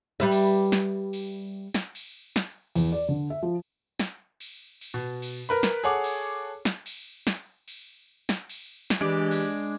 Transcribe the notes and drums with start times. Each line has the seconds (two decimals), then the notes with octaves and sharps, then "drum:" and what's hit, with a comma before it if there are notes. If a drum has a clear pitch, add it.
0.20 G3 B4 E5
0.31 drum: cymbal
0.72 drum: snare
1.13 drum: cymbal
1.74 drum: snare
1.95 drum: cymbal
2.36 drum: snare
2.75 E2, drum: cymbal
2.92 D5
3.09 D3
3.30 E5
3.43 F3
3.99 drum: snare
4.40 drum: cymbal
4.81 drum: cymbal
4.94 B2
5.22 drum: cymbal
5.49 A#4 B4 B5
5.63 drum: snare
5.84 G#4 A4 C#5 F#5 D6
6.04 drum: cymbal
6.65 drum: snare
6.86 drum: cymbal
7.27 drum: snare
7.68 drum: cymbal
8.29 drum: snare
8.49 drum: cymbal
8.90 drum: snare
9.01 E3 G#3 D4 G4 D5
9.31 drum: cymbal